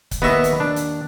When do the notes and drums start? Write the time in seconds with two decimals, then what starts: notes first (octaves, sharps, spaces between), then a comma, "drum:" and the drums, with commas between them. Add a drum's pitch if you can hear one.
0.11 drum: kick C#1, hi-hat
0.22 D#2 B3 D#5 E5 C#6
0.44 drum: hi-hat
0.60 D4
0.76 drum: hi-hat